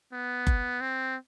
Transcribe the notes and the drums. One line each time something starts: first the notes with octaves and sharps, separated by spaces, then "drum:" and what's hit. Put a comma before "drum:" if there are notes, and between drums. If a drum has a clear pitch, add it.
B3
drum: kick F#1
C4